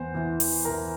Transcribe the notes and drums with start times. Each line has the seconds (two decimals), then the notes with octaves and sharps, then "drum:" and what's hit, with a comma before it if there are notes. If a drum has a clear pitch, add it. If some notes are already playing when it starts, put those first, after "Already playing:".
Already playing: E2 E3 C5
0.14 E2 E3
0.40 drum: open hi-hat
0.65 E2 E3 A#4 A#5